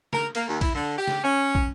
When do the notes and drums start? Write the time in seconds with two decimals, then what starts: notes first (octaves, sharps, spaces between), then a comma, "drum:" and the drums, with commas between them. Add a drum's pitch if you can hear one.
0.13 A#4, drum: snare
0.35 A#3, drum: cymbal
0.47 D#2
0.61 E4, drum: kick, cymbal
0.75 D3
0.98 G4
1.07 drum: snare
1.24 C#4
1.55 drum: kick